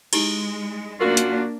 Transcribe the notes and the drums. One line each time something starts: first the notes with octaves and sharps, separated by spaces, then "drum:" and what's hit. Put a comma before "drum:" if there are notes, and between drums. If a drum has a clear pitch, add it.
G#3 D#4 E4 G4, drum: cymbal
F#2 A#3 D4 F4 F#4 A#4
drum: hi-hat